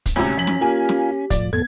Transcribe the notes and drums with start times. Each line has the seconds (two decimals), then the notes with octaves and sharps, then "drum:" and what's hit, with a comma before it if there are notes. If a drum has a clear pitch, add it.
0.06 drum: kick, hi-hat
0.16 D2 G#2 C3 C#4
0.38 F#2 F3 B6 F#7
0.47 drum: snare
0.61 A#3 F4 G4 G#5
0.89 drum: snare
1.30 A2 F3 D5, drum: kick, hi-hat
1.53 F2 A2 B3 A4 G#6